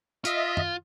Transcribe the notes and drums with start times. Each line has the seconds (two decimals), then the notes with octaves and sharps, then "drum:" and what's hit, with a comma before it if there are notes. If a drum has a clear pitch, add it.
0.25 F4 D#5 E5, drum: hi-hat
0.57 drum: tom